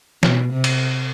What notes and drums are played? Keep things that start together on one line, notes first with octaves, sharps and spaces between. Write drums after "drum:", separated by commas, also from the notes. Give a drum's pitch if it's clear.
B2, drum: snare
C3
drum: cymbal